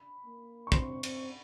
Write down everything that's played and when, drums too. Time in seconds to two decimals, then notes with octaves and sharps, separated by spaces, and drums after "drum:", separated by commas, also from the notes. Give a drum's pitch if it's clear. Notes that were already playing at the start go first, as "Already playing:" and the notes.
Already playing: B5
0.26 A#3
0.67 C#6
0.72 C4 C6, drum: kick
1.03 C4, drum: cymbal